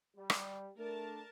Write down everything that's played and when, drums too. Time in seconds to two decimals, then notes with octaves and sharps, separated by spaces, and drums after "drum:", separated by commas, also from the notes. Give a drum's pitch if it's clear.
0.16 G3
0.30 drum: rim click
0.78 A3 D4 A#4 A5